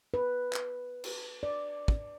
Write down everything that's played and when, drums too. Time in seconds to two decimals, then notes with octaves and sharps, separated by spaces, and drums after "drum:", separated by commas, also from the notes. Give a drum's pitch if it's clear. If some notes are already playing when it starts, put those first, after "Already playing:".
0.14 B4
0.53 drum: clap
1.04 drum: cymbal
1.43 D5
1.88 drum: kick